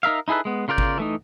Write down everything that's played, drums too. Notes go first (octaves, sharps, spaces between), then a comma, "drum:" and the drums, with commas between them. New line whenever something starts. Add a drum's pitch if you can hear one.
D#4 A#4 E5 F5
D#4 E4 G#4 A4 B4
G#3 B3
C#3 F4 A#4 D5 G6
drum: kick G#1
E3 A3 D#4